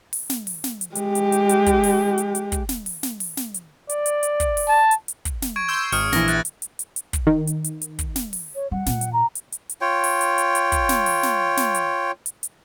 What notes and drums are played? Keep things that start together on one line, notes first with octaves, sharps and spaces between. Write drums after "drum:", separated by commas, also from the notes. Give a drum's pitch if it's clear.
drum: open hi-hat
drum: snare
drum: open hi-hat
drum: snare
drum: hi-hat
G#3 G4, drum: hi-hat
drum: hi-hat
drum: hi-hat
drum: hi-hat
drum: kick, hi-hat
drum: open hi-hat
drum: hi-hat
drum: hi-hat
drum: kick, hi-hat
drum: snare
drum: open hi-hat
drum: snare
drum: open hi-hat
drum: snare
drum: hi-hat
D5, drum: hi-hat
drum: hi-hat
drum: hi-hat
drum: kick, hi-hat
drum: open hi-hat
A5
drum: hi-hat
drum: hi-hat
drum: kick, hi-hat
drum: snare
C#6 G#6 D7
C6 E6 G6
G#1 D#6 F6 C#7, drum: open hi-hat
A#1 E3 A#6, drum: snare
F6 F#6 A6, drum: hi-hat
drum: hi-hat
drum: hi-hat
drum: hi-hat
drum: hi-hat
drum: kick, hi-hat
D#3
drum: hi-hat
drum: hi-hat
drum: hi-hat
drum: kick, hi-hat
drum: snare
drum: open hi-hat
C#5
G3 F#5
A#2, drum: snare
drum: hi-hat
A#5
drum: hi-hat
drum: hi-hat
drum: hi-hat
F4 C#5 G5
drum: open hi-hat
drum: hi-hat
drum: hi-hat
drum: hi-hat
drum: kick, hi-hat
drum: snare
drum: open hi-hat
drum: snare
drum: snare
drum: hi-hat
drum: hi-hat
drum: hi-hat